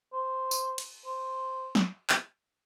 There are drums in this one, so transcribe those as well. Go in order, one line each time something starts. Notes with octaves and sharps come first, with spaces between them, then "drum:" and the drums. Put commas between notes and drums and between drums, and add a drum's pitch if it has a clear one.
C5
drum: tambourine
drum: cymbal
C5
drum: snare
drum: clap